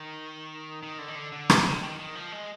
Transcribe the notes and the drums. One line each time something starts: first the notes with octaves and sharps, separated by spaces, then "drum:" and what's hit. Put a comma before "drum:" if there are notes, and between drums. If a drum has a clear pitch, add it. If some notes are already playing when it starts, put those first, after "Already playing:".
Already playing: D#3
D#3
D3
D#3
D3
D3
C3, drum: rim click
D3
D#3
D#3
F3
G#3